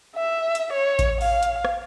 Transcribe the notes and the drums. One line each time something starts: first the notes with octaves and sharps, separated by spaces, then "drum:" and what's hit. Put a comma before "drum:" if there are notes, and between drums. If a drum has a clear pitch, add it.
E5
drum: hi-hat
C#5
drum: kick A1, hi-hat
F5, drum: open hi-hat
drum: hi-hat
drum: rim click